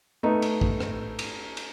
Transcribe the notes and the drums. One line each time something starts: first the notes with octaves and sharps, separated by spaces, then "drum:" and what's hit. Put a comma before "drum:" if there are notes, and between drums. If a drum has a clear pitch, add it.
A3 B3 D#4
drum: cymbal
drum: kick
drum: rim click
drum: cymbal
drum: cymbal